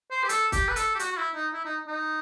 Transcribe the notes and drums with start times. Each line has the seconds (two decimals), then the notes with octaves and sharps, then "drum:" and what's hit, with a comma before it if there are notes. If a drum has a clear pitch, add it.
0.11 C5
0.24 G4
0.29 A4, drum: hi-hat
0.52 G4, drum: kick, hi-hat
0.68 B4
0.76 A4, drum: hi-hat
0.95 G4
0.99 F#4, drum: hi-hat
1.11 F#4
1.17 E4
1.35 D#4
1.53 E4
1.65 D#4
1.87 D#4